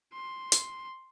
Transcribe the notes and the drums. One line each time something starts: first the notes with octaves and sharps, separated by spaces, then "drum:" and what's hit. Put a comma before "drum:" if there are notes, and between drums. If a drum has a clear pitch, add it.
C6
drum: hi-hat